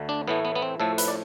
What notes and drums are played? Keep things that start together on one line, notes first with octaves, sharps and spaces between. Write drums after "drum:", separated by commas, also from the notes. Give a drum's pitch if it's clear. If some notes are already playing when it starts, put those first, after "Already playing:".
Already playing: D2 D3 A3
D4
A2 E3 A3 B3
B3
B3
C4
A2 F3 A3 A4
B4, drum: hi-hat
D5